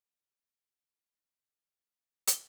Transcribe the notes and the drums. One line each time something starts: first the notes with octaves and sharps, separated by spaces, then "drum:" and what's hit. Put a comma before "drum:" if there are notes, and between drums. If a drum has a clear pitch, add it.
A4 C5
E4 B4 C#5 F5 A5
D5 A5 D#6
drum: hi-hat